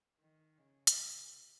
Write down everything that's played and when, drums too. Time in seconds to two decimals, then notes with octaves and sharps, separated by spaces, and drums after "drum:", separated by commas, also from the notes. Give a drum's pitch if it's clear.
0.20 D#3
0.58 C#3
0.87 drum: hi-hat
0.97 C3